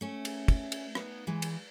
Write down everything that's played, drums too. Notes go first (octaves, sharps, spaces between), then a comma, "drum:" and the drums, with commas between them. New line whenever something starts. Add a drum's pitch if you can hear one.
A3 C#4
drum: cymbal
drum: kick, cymbal
drum: cymbal
B3 D#4, drum: rim click
E3 G#3
drum: cymbal